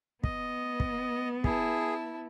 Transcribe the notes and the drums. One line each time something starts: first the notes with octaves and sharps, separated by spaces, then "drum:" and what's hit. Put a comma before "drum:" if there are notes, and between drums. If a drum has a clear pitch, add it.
B3 D#5, drum: kick
drum: kick
E4 G#4 A5, drum: kick